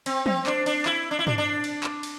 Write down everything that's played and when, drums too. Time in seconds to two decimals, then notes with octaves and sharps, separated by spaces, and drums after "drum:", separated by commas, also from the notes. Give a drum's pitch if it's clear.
0.06 C4, drum: cymbal
0.26 C4, drum: tom
0.47 D4, drum: clap
0.66 D4, drum: cymbal
0.86 E4, drum: clap
1.11 D4
1.19 E4
1.27 D4, drum: tom
1.38 D4
1.64 drum: cymbal
1.84 drum: clap
2.03 drum: cymbal